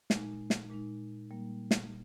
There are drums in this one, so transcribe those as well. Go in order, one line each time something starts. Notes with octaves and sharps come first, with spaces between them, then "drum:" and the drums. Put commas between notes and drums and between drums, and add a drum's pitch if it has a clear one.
A#2 G#3 D#4, drum: snare
drum: snare
A#2 G#3 D#4
A#2 G3 A#3
drum: snare